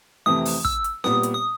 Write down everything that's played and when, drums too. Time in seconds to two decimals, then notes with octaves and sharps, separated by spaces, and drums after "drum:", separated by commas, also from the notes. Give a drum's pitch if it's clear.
0.26 F2 C3 E3 A3 D#6
0.45 drum: open hi-hat
0.65 E6, drum: kick
0.84 drum: hi-hat
1.04 A#2 G3 B3 D#6, drum: snare C4
1.23 drum: hi-hat
1.34 D#6